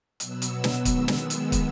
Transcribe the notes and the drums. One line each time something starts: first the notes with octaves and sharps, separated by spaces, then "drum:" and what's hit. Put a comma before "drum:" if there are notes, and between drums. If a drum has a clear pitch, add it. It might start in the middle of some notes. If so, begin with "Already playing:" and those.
B2 F#3 B3 E6, drum: hi-hat
drum: hi-hat
drum: snare
D#3 G#3 B3 E6, drum: kick, hi-hat
drum: snare
drum: hi-hat
drum: kick, hi-hat